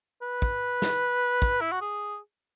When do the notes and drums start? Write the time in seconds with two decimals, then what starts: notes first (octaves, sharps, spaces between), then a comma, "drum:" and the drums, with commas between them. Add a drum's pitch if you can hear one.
0.22 B4
0.42 drum: kick
0.82 drum: snare
1.42 drum: kick
1.61 E4
1.72 F#4
1.81 G#4